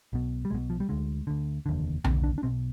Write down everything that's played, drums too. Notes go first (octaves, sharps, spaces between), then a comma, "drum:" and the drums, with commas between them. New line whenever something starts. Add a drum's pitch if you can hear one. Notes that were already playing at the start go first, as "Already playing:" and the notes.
B1 B2
G3
B1 B2 G#3
F3
G3
D2 D3 G#3
D2 D3
F1 D#2 D3
F1 D#2 D3 C4, drum: tom B1
D4
D4
B1 B2 C4